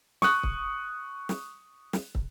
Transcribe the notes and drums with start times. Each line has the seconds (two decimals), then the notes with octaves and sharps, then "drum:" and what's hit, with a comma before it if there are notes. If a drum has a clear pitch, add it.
0.22 C#6 D#6 F#6, drum: snare
0.43 drum: kick
1.29 drum: snare
1.93 drum: snare
2.15 drum: kick